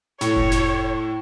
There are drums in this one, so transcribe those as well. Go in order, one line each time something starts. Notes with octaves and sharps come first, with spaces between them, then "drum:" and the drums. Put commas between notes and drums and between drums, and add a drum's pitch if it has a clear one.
A2 C#5, drum: snare
drum: kick F1
drum: snare